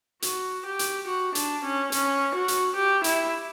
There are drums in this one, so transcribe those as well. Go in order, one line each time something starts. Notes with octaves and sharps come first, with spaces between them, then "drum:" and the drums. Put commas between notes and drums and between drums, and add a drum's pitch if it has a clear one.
F#4, drum: hi-hat
G4
drum: hi-hat
F#4
D4, drum: hi-hat
C#4
C#4, drum: hi-hat
F#4
drum: hi-hat
G4
E4, drum: hi-hat